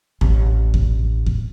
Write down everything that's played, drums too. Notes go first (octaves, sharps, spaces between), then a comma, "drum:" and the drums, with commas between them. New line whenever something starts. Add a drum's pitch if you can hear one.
A1, drum: kick D#2
drum: kick D#2
drum: kick D#2